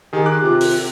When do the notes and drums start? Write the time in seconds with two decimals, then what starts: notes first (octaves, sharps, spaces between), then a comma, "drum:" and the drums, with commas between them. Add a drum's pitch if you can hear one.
0.13 D#3 G4 G#4
0.26 D6 F#6
0.43 C3 F4
0.61 drum: open hi-hat